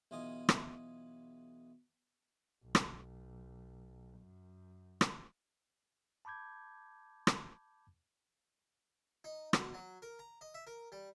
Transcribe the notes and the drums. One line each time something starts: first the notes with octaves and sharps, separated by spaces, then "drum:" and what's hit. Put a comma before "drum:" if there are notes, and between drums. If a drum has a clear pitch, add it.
B1 E3 F4 D#5 G#5 D#6
drum: rim click
B1
drum: rim click
F#2
drum: rim click
A5 B5 D6 G6 G#6
drum: rim click
D#4
B2, drum: rim click
F#3
A#4
A#5
D#5
E5
A#4
G3